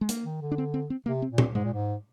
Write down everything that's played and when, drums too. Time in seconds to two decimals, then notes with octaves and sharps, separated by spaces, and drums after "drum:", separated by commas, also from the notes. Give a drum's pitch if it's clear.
0.01 G#3
0.09 A#3, drum: hi-hat
0.25 D#3
0.41 D3
0.51 D4
0.58 C4
0.74 C4
0.90 C4
1.06 C3 A#3
1.22 C4
1.31 A#2
1.38 C4, drum: tom A#2
1.55 G#2 G#3
1.64 A#2
1.73 G#2